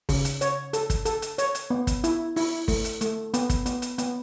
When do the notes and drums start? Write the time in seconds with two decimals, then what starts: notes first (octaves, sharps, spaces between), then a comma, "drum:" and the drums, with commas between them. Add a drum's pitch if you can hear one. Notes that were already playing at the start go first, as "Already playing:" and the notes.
0.09 C#3, drum: kick, open hi-hat
0.25 drum: hi-hat
0.41 C#5, drum: hi-hat
0.73 A4, drum: hi-hat
0.90 drum: kick, hi-hat
1.05 A4, drum: hi-hat
1.22 drum: hi-hat
1.38 C#5, drum: hi-hat
1.55 drum: hi-hat
1.70 B3
1.87 drum: kick, hi-hat
2.04 E4, drum: hi-hat
2.36 E4, drum: open hi-hat
2.68 A3, drum: kick, open hi-hat
2.85 drum: hi-hat
3.01 A3, drum: hi-hat
3.34 B3, drum: hi-hat
3.50 drum: kick, hi-hat
3.66 B3, drum: hi-hat
3.82 drum: hi-hat
3.98 B3, drum: hi-hat